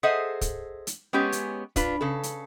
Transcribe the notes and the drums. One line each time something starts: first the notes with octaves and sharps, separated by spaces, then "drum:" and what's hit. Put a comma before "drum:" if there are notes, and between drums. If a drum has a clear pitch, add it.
G#4 A4 C5 D#5 E5 F#5
drum: kick, hi-hat
drum: hi-hat
G#3 B3 C#4 G4 C#5
drum: hi-hat
D4 F4 B4, drum: kick, hi-hat
C#3 A4
drum: hi-hat